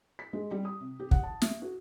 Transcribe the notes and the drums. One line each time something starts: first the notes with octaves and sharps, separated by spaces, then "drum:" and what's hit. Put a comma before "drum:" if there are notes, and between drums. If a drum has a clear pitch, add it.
B6
G#3
G3
D#6
C3
G4
F#5, drum: kick
A5
E5, drum: snare
F#4